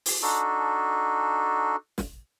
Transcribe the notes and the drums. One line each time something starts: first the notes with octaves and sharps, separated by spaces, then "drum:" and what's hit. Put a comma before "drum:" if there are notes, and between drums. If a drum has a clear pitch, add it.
drum: open hi-hat
D4 D#4 F#4 A4
drum: snare